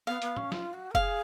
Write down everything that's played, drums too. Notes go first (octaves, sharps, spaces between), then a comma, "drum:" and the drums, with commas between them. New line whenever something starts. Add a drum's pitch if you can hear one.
B3 F5
B3, drum: hi-hat
C#4, drum: tom A2
F4, drum: snare
F#4
A#4
G#4 F5, drum: kick F1